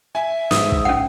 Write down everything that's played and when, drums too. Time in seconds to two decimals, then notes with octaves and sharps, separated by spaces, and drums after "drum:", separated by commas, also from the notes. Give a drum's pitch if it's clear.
0.15 E5 G#5
0.51 G#2 D#6 E6, drum: snare
0.72 drum: kick
0.85 C#4 F#5